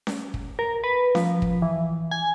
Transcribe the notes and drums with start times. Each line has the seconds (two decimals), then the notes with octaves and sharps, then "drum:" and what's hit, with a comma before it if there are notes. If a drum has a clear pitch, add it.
0.07 drum: snare C#4
0.34 drum: kick
0.59 A#4
0.84 B4
1.15 F3, drum: snare C#4
1.42 drum: kick
1.62 E3
2.11 G#5